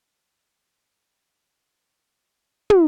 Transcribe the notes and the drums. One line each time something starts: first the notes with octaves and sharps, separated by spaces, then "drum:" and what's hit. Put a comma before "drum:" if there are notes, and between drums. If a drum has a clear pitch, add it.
G#4 B4 D#6 F#6
drum: tom